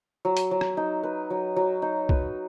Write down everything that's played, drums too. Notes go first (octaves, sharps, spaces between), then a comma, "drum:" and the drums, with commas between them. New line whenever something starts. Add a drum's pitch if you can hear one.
F#3
drum: hi-hat
F#3
drum: rim click
D#4
B4
F#3
F#3
D#4
B4, drum: kick